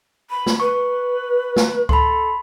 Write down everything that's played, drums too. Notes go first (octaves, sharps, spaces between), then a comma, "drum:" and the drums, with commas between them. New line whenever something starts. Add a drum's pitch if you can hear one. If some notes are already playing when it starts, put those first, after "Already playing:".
B5
drum: snare
B4 C#6
drum: snare
A4 B5 C6, drum: kick C#2